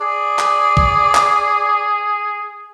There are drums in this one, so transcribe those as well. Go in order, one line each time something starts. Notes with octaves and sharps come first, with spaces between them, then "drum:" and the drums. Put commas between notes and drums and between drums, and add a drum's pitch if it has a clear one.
G#4 D5
drum: clap
drum: kick A#1
drum: clap